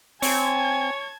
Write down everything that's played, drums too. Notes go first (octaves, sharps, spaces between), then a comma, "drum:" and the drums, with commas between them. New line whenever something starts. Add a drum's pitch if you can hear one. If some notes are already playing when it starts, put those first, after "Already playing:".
C4 C#5 G#5 A5 G#6, drum: open hi-hat